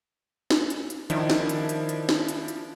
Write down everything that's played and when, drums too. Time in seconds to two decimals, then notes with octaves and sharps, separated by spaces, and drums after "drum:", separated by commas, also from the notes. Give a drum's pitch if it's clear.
0.50 drum: snare
0.70 drum: hi-hat
0.90 drum: hi-hat
1.10 D#3 F3 D4 E4, drum: hi-hat
1.30 drum: snare
1.49 drum: hi-hat
1.69 drum: hi-hat
1.89 drum: hi-hat
2.09 drum: snare
2.28 drum: hi-hat
2.48 drum: hi-hat